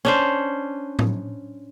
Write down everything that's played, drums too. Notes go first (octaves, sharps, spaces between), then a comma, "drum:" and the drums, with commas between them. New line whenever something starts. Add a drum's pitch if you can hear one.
C#4 D4 C5
drum: tom A2